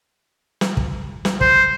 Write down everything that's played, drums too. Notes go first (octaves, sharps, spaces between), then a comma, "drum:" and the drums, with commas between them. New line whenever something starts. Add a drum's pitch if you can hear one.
drum: snare
drum: kick
drum: snare
C5, drum: kick